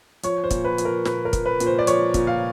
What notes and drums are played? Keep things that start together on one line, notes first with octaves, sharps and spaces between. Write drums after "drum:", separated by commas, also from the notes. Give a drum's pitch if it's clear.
F3 C#5, drum: hi-hat
C5
A#2, drum: kick, hi-hat
B4
F3, drum: hi-hat
A#4
A#2 B4, drum: snare
A#4
F3, drum: kick, hi-hat
B4
A#2, drum: hi-hat
C5
D5
F3 C#5, drum: hi-hat
A#2, drum: kick, hi-hat
F5